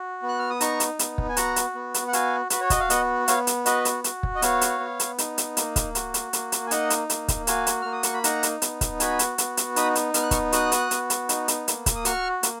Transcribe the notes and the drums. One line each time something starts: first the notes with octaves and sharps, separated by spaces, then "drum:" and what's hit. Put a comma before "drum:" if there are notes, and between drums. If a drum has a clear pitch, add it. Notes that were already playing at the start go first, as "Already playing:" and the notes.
Already playing: F#4
B3
F#6
F6
D#6
D#4 A#5 C#6, drum: hi-hat
drum: hi-hat
B3, drum: hi-hat
drum: kick
G#5
F#4 F#5 A#5, drum: hi-hat
drum: hi-hat
B3
drum: hi-hat
F#5
F#4 F5 G#5, drum: hi-hat
F#4 B4, drum: hi-hat
C#5
D#5, drum: kick, hi-hat
F5
B3 D#5 F#5, drum: hi-hat
B3 C#5 F5, drum: hi-hat
drum: hi-hat
F#4 B4 D#5, drum: hi-hat
drum: hi-hat
F#4, drum: hi-hat
drum: kick
D#5
B3 C#5 F5, drum: hi-hat
drum: hi-hat
B3
drum: hi-hat
D#4, drum: hi-hat
drum: hi-hat
A#3, drum: hi-hat
drum: kick, hi-hat
F#4, drum: hi-hat
drum: hi-hat
A#3, drum: hi-hat
drum: hi-hat
G#5
D#4 D#5 F#5, drum: hi-hat
drum: hi-hat
A#3, drum: hi-hat
drum: kick, hi-hat
F#4 F5 G#5, drum: hi-hat
drum: hi-hat
A#3 F6
D#6
C#6, drum: hi-hat
B5
D#4 F#5 A#5, drum: hi-hat
drum: hi-hat
B3, drum: hi-hat
drum: kick, hi-hat
F#4 G#5 B5, drum: hi-hat
drum: hi-hat
B3, drum: hi-hat
drum: hi-hat
D#4 B5 D#6, drum: hi-hat
drum: hi-hat
B3 F6, drum: hi-hat
F#6
C#6 F6, drum: kick, hi-hat
F#4 D#6 F#6, drum: hi-hat
drum: hi-hat
B3, drum: hi-hat
drum: hi-hat
D#4, drum: hi-hat
drum: hi-hat
A#3, drum: hi-hat
drum: kick, hi-hat
D#6
F#4 C#6 F6, drum: hi-hat
A#3, drum: hi-hat